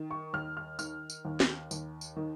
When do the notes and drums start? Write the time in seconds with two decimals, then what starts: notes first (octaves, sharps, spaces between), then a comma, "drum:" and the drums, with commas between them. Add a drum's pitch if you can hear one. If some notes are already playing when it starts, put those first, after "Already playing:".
Already playing: D#3
0.11 C#6
0.34 D#2 F6
0.57 F6
0.79 D#3 F6, drum: tambourine
1.10 drum: tambourine
1.25 D#2
1.40 drum: snare
1.71 D#2, drum: tambourine
2.01 drum: tambourine
2.16 D#3